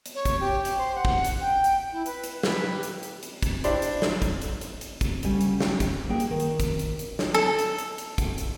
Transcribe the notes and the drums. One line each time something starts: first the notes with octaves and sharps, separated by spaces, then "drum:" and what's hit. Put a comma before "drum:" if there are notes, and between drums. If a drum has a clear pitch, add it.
drum: hi-hat
C#5
drum: kick, hi-hat
G4
drum: hi-hat
C5
F#5
drum: kick
drum: hi-hat
G5
drum: hi-hat
E4
B4, drum: hi-hat
drum: hi-hat
B4, drum: snare
G4
drum: hi-hat
drum: hi-hat
drum: hi-hat
drum: kick, hi-hat
D4 E4 G4 C5 D5, drum: hi-hat
drum: hi-hat
drum: snare
drum: kick, hi-hat
drum: hi-hat
drum: hi-hat
drum: hi-hat
drum: kick, hi-hat
D2 C#3 G3 A3 C#4 G#5, drum: hi-hat
drum: hi-hat
drum: snare
drum: kick, hi-hat
A#3 G#4 G5
drum: hi-hat
D#3
drum: hi-hat
drum: kick, hi-hat
drum: hi-hat
drum: hi-hat
drum: snare
A4
drum: hi-hat
drum: hi-hat
drum: hi-hat
drum: kick, hi-hat
drum: hi-hat